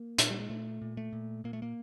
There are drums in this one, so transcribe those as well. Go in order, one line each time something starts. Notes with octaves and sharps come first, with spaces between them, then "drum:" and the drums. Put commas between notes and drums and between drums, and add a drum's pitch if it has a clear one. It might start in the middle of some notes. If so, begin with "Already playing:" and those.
Already playing: A#3
A#2, drum: hi-hat
G3
G#3
A#2 A3
A#2
A3
A#2
A#2 A#3
A3
A#3